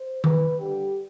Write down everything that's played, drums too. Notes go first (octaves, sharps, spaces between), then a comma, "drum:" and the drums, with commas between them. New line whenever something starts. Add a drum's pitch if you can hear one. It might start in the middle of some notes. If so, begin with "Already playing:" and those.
Already playing: C5
B4, drum: tom
D3 G3 G4